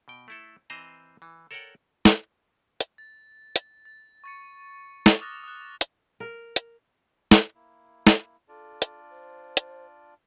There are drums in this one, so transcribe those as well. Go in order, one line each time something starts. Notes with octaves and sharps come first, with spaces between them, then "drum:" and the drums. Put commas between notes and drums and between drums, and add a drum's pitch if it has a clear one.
B2 G5
A3 E4 A4
E3 C4 C5 D#5 A#5
E3
A4 A#4 C#5 D5 F#5 G5
drum: snare
drum: hi-hat
A6
drum: hi-hat
A6
C#6 A6 C#7
drum: snare
D6 D#6 F6 F#6 A6 A#6
D#6 F#6
drum: hi-hat
A#4
drum: hi-hat
drum: snare
A#3 E4
drum: snare
D4 F4 A4 D5
drum: hi-hat
C5
drum: hi-hat